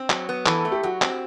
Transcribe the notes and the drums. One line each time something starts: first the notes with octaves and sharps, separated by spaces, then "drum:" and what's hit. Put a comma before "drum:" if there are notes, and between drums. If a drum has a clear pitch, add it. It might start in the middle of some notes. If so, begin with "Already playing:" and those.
Already playing: C4
F#3, drum: clap
B3
E3 A4, drum: clap
A4
A3
G4
F#3 F#4
C4, drum: clap